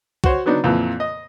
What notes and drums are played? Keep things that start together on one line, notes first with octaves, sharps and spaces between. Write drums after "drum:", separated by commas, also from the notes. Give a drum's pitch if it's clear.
F#4 C5 C#5, drum: kick C2
F#3 B3 D4 D#4
F2 A#2 E3
D#5